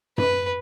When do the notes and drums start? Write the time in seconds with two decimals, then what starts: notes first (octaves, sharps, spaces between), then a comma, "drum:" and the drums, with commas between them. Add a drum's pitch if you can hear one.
0.18 B4, drum: tom F#2